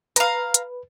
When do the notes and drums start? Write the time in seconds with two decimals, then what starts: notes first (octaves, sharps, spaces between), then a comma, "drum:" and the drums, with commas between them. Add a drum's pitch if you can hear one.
0.16 B4 F5 A#5, drum: hi-hat
0.54 drum: hi-hat